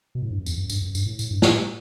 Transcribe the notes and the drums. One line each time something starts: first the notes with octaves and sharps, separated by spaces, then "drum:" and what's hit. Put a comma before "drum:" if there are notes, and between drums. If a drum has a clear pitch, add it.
B2
A2
G2
F#2
E2, drum: tambourine
F#2
G2, drum: tambourine
F#2
G2, drum: tambourine
A2
A2, drum: tambourine
G2
A2, drum: snare